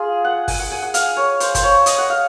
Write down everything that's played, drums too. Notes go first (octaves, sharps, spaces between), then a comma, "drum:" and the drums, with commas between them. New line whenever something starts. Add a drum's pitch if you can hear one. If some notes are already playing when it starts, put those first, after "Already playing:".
Already playing: F4 G#4
F#5
G#5, drum: kick G1, open hi-hat
F#5
G#5
F#5
F5, drum: hi-hat
C#5
C5, drum: hi-hat
C5, drum: kick G1, hi-hat
C#5
D#5, drum: hi-hat
F#5
F5